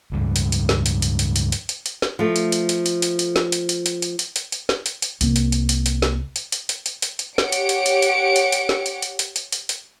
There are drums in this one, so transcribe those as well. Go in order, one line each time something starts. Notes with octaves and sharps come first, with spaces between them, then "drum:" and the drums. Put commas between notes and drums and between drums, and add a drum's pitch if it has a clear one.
C#2 G2
drum: hi-hat
drum: hi-hat
drum: snare
drum: hi-hat
drum: hi-hat
drum: hi-hat
drum: hi-hat
drum: hi-hat
drum: hi-hat
drum: hi-hat
drum: snare
F3 A3
drum: hi-hat
drum: hi-hat
drum: hi-hat
drum: hi-hat
drum: hi-hat
drum: hi-hat
drum: snare
drum: hi-hat
drum: hi-hat
drum: hi-hat
drum: hi-hat
drum: hi-hat
drum: hi-hat
drum: hi-hat
drum: snare
drum: hi-hat
drum: hi-hat
C2 A#3, drum: hi-hat
drum: hi-hat
drum: hi-hat
drum: hi-hat
drum: hi-hat
drum: snare
drum: hi-hat
drum: hi-hat
drum: hi-hat
drum: hi-hat
drum: hi-hat
drum: hi-hat
G4 C#5 F#5 C#7 D7, drum: snare
drum: hi-hat
drum: hi-hat
drum: hi-hat
drum: hi-hat
drum: hi-hat
drum: hi-hat
drum: snare
drum: hi-hat
drum: hi-hat
drum: hi-hat
drum: hi-hat
drum: hi-hat
drum: hi-hat